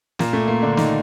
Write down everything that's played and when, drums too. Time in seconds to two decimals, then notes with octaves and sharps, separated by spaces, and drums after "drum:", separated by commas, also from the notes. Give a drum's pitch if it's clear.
0.19 A#2 A#3, drum: snare
0.33 A3
0.48 A#2 A#3
0.62 D3 D4
0.77 D#3 D#4, drum: snare